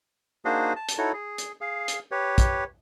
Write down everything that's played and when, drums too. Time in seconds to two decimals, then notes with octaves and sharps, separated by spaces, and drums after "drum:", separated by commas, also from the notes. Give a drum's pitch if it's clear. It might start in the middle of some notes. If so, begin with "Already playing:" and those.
0.45 A#3 D4 D#4 F#4 G#4 C5
0.76 A5
0.89 drum: hi-hat
0.98 D#4 E4 F#4 A4 C#5
1.13 G#4
1.38 drum: hi-hat
1.61 G#4 F5
1.88 drum: hi-hat
2.11 G4 B4 C#5
2.38 drum: kick, hi-hat